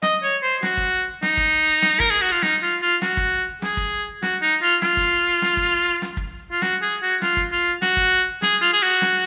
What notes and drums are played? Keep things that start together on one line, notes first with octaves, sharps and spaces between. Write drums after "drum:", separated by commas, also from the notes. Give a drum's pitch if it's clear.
D#5, drum: snare
C#5
C5
F#4, drum: snare
drum: kick
D#4, drum: snare
drum: kick
drum: snare
A#4, drum: kick
G#4
F#4
F4
D#4, drum: snare
F4
F4
F#4, drum: snare
drum: kick
G#4, drum: snare
drum: kick
F#4, drum: snare
D#4
F4
F4, drum: snare
drum: kick
drum: snare
drum: kick
drum: snare
drum: kick
F4
F#4, drum: snare
G#4
F#4
F4, drum: snare
drum: kick
F4
F#4, drum: snare
drum: kick
G#4, drum: snare
F4
G#4
F#4
drum: snare